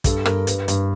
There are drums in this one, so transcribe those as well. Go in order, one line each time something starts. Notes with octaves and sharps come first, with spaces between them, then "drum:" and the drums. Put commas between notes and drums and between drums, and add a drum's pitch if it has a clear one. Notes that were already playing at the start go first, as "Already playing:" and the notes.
G2 A4, drum: kick, hi-hat
G2 A#4, drum: rim click
G2 B4, drum: hi-hat
G2, drum: hi-hat